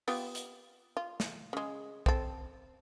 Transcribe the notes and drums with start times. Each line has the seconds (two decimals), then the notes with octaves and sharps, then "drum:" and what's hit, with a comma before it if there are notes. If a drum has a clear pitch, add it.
0.08 B3 F4 G4, drum: open hi-hat
0.35 drum: hi-hat
0.97 F4
1.20 drum: snare
1.53 C#3 G#3
2.06 C4 A4, drum: kick